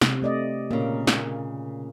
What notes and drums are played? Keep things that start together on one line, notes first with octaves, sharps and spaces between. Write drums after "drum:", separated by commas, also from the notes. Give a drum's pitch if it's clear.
C3, drum: snare
A3 D5 D#5
A#2 C#3 A#3
drum: snare